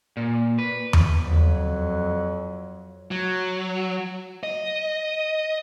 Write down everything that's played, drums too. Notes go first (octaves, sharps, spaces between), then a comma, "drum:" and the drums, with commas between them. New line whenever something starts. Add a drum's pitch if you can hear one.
A#2
B4
drum: tom E2
F2 F#3
F#3
D#5